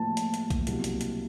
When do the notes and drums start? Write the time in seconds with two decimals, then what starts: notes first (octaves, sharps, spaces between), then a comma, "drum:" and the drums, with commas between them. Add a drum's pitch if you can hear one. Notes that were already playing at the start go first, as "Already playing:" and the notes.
Already playing: A2 F3 A#3 A5
0.17 drum: hi-hat
0.34 drum: hi-hat
0.50 drum: kick A#1, hi-hat
0.67 C2 B2 F#3 A#3, drum: hi-hat
0.84 drum: hi-hat
1.01 drum: hi-hat